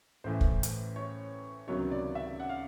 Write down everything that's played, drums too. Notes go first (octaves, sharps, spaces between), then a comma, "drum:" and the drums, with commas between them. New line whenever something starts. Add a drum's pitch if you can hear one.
A1 A2 E3 C5
drum: kick
drum: hi-hat
C#5
C#2 C3 D#3 F#3 B3 C#5
D5
E5
F#5
F5